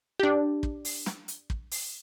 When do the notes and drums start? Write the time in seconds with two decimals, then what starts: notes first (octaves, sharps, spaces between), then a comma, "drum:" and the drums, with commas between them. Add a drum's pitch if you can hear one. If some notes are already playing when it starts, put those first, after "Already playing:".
0.20 D4 G4
0.63 drum: kick
0.85 drum: open hi-hat
1.06 drum: snare
1.28 drum: hi-hat
1.50 drum: kick
1.71 drum: open hi-hat